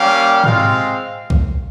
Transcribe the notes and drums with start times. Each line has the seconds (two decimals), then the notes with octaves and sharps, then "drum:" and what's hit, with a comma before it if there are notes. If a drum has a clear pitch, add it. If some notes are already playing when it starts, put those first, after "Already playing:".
Already playing: G3 A#3 C#4 G4 F5
0.44 G#3 C4 F4 F5, drum: tom G#2
1.30 drum: kick B1